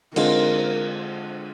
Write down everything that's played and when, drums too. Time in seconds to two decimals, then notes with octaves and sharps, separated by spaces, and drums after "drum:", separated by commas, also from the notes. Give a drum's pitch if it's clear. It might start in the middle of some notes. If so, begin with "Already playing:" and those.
0.16 D3 G#3 C4 F4 A#4, drum: cymbal